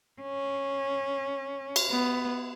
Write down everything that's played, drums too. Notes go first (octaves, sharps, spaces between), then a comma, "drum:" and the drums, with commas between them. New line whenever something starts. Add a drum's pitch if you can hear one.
C#4
drum: cymbal
B3